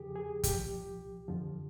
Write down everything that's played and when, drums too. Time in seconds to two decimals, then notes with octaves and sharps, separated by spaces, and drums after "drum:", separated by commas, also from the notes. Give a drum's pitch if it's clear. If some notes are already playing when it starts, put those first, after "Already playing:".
Already playing: E2 C#3 F3 G4 G#4
0.16 G#4
0.43 C2 A#2 F3 G4, drum: kick, hi-hat
1.28 F2 D3 F3